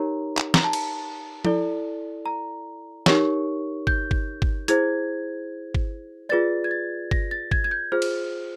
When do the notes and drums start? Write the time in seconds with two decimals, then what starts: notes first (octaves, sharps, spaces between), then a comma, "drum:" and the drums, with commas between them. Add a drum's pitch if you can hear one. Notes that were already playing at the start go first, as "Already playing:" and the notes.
Already playing: D#4 G4 A#4 C#5 A#5
0.37 drum: clap
0.54 A#5, drum: snare
0.64 A5
0.73 drum: cymbal
1.45 E4 A4 D5, drum: tom F3
2.26 A#5
3.06 D#4 G4 A#4 C#5 C#6, drum: snare
3.87 G6, drum: kick
4.11 drum: kick
4.42 drum: kick
4.68 E4 G#4 C5 G#6, drum: hi-hat
5.75 drum: kick
6.29 F4 G#4 B4 D5 A6
6.64 G#6
6.71 A6
7.11 A#6, drum: kick
7.31 A6
7.51 G#6, drum: kick
7.64 G#6
7.71 G6
7.92 F4 G#4 C5 F6
8.02 drum: cymbal